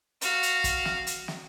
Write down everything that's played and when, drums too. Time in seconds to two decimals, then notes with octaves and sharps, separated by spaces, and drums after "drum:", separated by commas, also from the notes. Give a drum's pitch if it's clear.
0.21 F#4 F5, drum: hi-hat
0.43 drum: hi-hat
0.64 drum: kick, hi-hat
0.85 drum: snare
1.07 drum: hi-hat
1.28 drum: snare